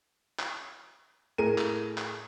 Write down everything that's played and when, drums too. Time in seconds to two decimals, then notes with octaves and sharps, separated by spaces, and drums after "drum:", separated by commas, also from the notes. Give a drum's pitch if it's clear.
0.39 drum: clap
1.38 A2 G#4 A#4 D#7
1.58 drum: clap
1.98 drum: clap